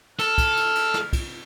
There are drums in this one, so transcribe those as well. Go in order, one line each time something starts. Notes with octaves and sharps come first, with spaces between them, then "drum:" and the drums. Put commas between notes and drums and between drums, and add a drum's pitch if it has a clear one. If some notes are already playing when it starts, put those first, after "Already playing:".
A4 F6, drum: cymbal
drum: kick, cymbal
drum: cymbal
drum: cymbal
drum: snare
drum: kick, cymbal